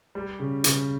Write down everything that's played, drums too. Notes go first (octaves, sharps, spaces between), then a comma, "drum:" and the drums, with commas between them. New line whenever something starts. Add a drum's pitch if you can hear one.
G3
C#3
C#3, drum: hi-hat